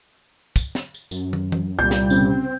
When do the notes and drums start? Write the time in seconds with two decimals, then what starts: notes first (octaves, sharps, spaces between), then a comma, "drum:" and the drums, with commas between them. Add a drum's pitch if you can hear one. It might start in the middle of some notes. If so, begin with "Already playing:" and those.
0.56 drum: kick, tambourine
0.75 drum: snare
0.94 drum: tambourine
1.11 F#2, drum: tambourine
1.33 drum: tom
1.52 drum: tom E3
1.79 C2 A#2 G3 G6
1.91 drum: snare
2.10 C#3 C4, drum: tambourine